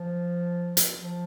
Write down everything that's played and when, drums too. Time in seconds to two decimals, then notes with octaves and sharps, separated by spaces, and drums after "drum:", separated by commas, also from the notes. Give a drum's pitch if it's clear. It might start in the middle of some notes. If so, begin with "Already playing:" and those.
Already playing: F3
0.77 drum: hi-hat
0.99 F3